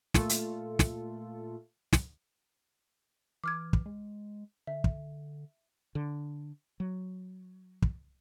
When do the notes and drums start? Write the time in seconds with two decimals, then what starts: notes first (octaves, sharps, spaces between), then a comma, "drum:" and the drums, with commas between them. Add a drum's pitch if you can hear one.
0.14 A#2 A3 F4 A4, drum: snare
0.29 drum: hi-hat
0.79 drum: snare
1.93 drum: snare
3.44 E3 D6 F6 G#6
3.73 drum: kick
3.86 G#3
4.67 D3 E5
4.84 drum: kick
5.95 D3
6.80 F#3
7.82 drum: kick